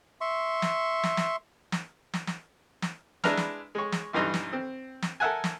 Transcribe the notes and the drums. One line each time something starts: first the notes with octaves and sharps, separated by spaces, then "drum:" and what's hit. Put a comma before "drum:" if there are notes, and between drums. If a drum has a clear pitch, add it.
E5 C6 C#6
drum: snare
drum: snare
drum: snare
drum: snare
drum: snare
drum: snare
drum: snare
G#3 D4 E4 B4 A#5 F6, drum: snare
drum: snare
G#3 C#5
drum: snare
B1 G2 E3 D#4 A#5 C6
drum: snare
C4
drum: snare
A4 A#4 E5 F#5 G#5
drum: snare